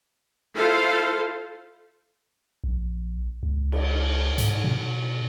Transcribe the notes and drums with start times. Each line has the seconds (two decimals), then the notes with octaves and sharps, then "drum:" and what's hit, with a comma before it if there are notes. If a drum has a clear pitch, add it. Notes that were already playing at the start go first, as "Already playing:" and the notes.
0.54 E4 F4 A4 C5 F5
2.64 A#1
3.43 C#2
3.72 drum: cymbal
4.38 G#2, drum: hi-hat
4.64 B2